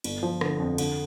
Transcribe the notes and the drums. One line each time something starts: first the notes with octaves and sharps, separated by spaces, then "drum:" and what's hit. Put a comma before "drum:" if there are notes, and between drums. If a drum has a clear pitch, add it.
G1, drum: cymbal
F3
D3, drum: rim click
F2
D3, drum: cymbal